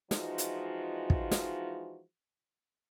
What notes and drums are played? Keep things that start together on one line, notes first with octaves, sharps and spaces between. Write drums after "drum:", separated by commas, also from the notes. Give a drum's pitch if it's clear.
E3 F3 G#3 D#4 F4 F#4, drum: snare
drum: hi-hat
drum: kick
drum: snare